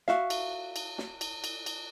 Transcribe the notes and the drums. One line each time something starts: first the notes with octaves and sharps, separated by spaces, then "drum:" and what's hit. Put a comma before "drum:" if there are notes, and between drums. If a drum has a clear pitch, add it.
F#4 E5 F5, drum: snare
drum: cymbal
drum: cymbal
drum: snare
drum: cymbal
drum: cymbal
drum: cymbal